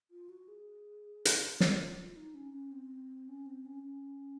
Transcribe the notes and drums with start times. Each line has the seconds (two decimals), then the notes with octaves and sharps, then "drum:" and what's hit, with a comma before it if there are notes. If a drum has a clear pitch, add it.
0.11 F4
0.29 F#4
0.48 G#4
1.25 drum: hi-hat
1.60 G#4, drum: snare
1.78 F4
1.97 F4
2.16 D#4
2.35 C#4
2.53 C#4
2.72 C4
3.28 C#4
3.46 C4
3.66 C#4
3.83 C#4